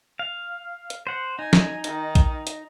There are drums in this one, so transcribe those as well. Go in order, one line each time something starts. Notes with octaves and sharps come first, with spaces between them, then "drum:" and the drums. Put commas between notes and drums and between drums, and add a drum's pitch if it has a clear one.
F5
drum: hi-hat
C5 F#5
D#4 G#5
drum: snare
D#3, drum: hi-hat
drum: kick A#1, hi-hat
drum: hi-hat